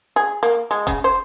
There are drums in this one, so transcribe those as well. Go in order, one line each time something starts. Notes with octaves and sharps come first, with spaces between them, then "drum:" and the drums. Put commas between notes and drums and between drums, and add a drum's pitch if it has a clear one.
G#4
A#3
G#3
C#3, drum: kick E1
C5